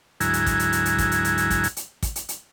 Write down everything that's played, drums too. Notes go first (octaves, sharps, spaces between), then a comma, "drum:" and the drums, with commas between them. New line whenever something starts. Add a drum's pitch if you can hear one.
D2 G#2 F#3 E4 G#5 A#5, drum: hi-hat
drum: hi-hat
drum: kick, hi-hat
drum: hi-hat
drum: hi-hat
drum: hi-hat
drum: kick, hi-hat
drum: hi-hat
drum: hi-hat
drum: hi-hat
drum: kick, hi-hat
drum: hi-hat
drum: hi-hat
drum: kick, hi-hat
drum: hi-hat
drum: hi-hat